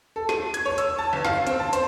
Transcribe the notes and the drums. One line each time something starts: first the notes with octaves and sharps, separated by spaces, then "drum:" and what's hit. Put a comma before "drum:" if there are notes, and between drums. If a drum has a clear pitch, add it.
A4
D#7, drum: snare
G#6, drum: hi-hat
C#5
E6, drum: hi-hat
A5
G1
F5, drum: snare
C4, drum: hi-hat
A5
C5, drum: hi-hat